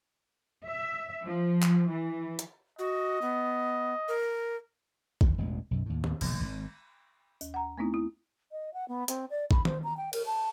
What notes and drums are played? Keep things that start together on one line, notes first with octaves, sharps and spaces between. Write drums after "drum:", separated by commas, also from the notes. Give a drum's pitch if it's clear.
E5
F3
drum: clap
E3
drum: hi-hat
F#4 D#5
B3
A#4
D#2, drum: kick A1
E1 A1 B2 G#3
B1 F#2
D#2 A2
drum: tom D#3
E1 A#1 C#3, drum: cymbal
G#1
D#2, drum: tambourine
F#5 A#5
A3 B3 C4 D#4 E4
E4
D#5
F#5
B3
C4, drum: hi-hat
D5
B5, drum: kick A1
C5, drum: tom D#3
A#5
G5
A#4, drum: cymbal
A5